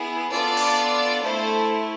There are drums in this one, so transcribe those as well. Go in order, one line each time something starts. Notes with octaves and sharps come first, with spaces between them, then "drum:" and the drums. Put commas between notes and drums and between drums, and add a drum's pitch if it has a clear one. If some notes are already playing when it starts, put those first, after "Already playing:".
Already playing: B3 E4 G#4
B3 D4 F4 A4 D5
drum: open hi-hat
A3 E4 A4 C5